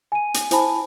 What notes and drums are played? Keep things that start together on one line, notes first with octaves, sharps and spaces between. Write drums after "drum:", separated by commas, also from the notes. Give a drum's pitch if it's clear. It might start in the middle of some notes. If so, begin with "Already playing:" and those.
G#5 D#7
drum: hi-hat
E4 C5 G#5 A5 B5, drum: hi-hat